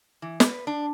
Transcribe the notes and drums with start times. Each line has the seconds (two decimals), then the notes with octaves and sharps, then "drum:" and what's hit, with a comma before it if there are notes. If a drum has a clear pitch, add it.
0.22 E3
0.40 B4, drum: snare
0.67 D4